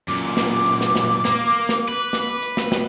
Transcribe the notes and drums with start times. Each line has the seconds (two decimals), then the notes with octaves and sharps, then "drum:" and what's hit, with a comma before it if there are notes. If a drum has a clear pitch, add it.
0.08 F#2 A#2 D6
0.37 drum: snare
0.66 drum: hi-hat
0.81 drum: snare
0.96 drum: snare
1.25 A#3, drum: snare
1.69 drum: snare
1.88 B4
2.13 drum: snare
2.42 drum: hi-hat
2.57 drum: snare
2.72 drum: snare